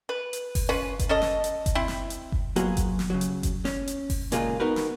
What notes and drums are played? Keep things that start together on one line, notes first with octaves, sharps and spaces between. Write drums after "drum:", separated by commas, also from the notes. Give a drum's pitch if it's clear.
B4
drum: hi-hat
drum: kick F#1, open hi-hat
C#4 F4 B4
drum: kick F#1, hi-hat
C#4 A4 D#5
drum: snare
drum: hi-hat
drum: kick F#1, hi-hat
C4 E4
drum: snare
drum: hi-hat
drum: kick F#1
F#3 A#3 B3 F4 F#4 G#4, drum: hi-hat
drum: kick F#1, hi-hat
drum: snare
C#3 F#3
drum: hi-hat
drum: kick F#1, hi-hat
C#4, drum: snare
drum: hi-hat
drum: kick F#1, open hi-hat
A#2 C#3 G#3 A#3 F4 G#4, drum: hi-hat
B3 D#4 F#4 A#4 B4
drum: snare